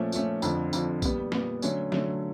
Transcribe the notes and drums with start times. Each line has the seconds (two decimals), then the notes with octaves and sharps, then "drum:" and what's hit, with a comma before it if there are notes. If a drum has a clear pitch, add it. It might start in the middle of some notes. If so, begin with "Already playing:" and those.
Already playing: A#2 F3 A3 C#4
0.12 A#2 F3 A3 C#4, drum: tambourine
0.42 F2 D3 F3, drum: tambourine
0.73 F2 D3 F3, drum: tambourine
1.02 A#2 G3 B3, drum: kick, tambourine
1.32 A#2 G3 B3, drum: snare
1.62 D3 F#3 A3 C#4, drum: tambourine
1.92 D3 F#3 A3 C#4, drum: snare